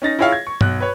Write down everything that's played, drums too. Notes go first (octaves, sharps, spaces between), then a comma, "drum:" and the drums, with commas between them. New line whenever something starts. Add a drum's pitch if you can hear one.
C#4 D#4 A6 A#6
E4 F4 G#4 C#5 E5 F5
G#6
C#6
B1 F#6, drum: tom G2
B4 C#5